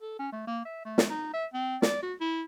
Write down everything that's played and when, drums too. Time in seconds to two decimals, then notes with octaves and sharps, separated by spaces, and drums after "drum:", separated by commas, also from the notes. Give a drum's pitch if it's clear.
0.02 A4
0.19 C#4
0.32 A3
0.47 A#3
0.65 E5
0.85 A3
0.98 drum: snare
1.10 D#4
1.34 E5
1.54 C4
1.82 D5, drum: snare
2.02 F#4
2.21 E4